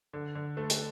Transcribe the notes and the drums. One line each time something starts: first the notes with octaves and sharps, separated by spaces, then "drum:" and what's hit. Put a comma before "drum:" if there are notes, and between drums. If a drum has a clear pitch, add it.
D3
D3
A3
drum: hi-hat